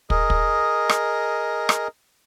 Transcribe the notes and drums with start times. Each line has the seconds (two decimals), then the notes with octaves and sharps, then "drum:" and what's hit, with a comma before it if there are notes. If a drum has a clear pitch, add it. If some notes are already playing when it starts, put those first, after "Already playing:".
0.10 G#4 A#4 D#5, drum: kick
0.30 drum: kick
0.89 drum: rim click
1.69 drum: rim click